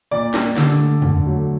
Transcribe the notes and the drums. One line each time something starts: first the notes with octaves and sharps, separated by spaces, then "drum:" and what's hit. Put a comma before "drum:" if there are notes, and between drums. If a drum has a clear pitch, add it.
A#2 D5
G3 A#3, drum: snare
D3, drum: snare
A3
D3, drum: tom E2
F#3 A3